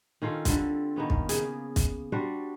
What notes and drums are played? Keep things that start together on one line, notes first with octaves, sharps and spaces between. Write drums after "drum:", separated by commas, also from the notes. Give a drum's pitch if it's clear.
D#3 C#4 F4 A4
D3 G3 C4, drum: kick, hi-hat
D#3 A#3 B3 C#4
drum: kick
C#3 G#4, drum: hi-hat
drum: kick, hi-hat
G3 D4 F#4 C5